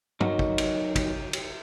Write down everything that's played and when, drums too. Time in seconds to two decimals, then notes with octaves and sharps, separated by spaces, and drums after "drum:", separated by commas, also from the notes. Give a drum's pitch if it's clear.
0.20 F#3 D#4 F#4 A#4, drum: tom
0.39 drum: kick
0.58 drum: cymbal
0.96 drum: kick, cymbal
1.33 drum: cymbal